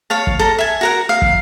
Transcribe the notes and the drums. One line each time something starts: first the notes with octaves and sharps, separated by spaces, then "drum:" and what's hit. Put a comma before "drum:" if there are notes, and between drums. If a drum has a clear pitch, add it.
C#5 F5 A5
drum: kick
A4 A#5
E5 G#5
F#4 A#4 F#5
F5
drum: kick